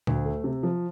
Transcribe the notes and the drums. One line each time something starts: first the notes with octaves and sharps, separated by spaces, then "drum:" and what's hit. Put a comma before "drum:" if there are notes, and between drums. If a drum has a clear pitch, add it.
D2, drum: tom A#2
A3
C3
F3